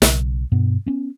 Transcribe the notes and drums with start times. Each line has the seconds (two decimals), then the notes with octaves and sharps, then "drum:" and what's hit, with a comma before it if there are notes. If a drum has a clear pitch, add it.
0.02 B1 C#3, drum: snare
0.52 G2 B2 B3
0.86 B3 C#4